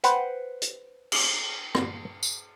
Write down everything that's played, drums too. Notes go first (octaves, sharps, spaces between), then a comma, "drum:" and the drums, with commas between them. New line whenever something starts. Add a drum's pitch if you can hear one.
B4 C5 F#5 G5, drum: hi-hat
drum: hi-hat
drum: cymbal
drum: rim click
drum: tambourine